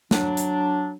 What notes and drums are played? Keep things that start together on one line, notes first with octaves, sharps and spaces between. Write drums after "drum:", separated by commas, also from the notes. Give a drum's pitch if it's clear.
F#3 D4, drum: snare
drum: hi-hat